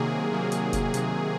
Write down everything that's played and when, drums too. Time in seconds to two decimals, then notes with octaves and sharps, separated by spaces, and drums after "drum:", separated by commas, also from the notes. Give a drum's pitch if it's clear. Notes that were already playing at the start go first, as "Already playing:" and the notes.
Already playing: C3 D#3 F#3 A#3 G#4
0.31 C3 D#3 F#3 A#3
0.52 drum: hi-hat
0.73 drum: kick F1, hi-hat
0.94 C3 D#3 F#3 A#3, drum: hi-hat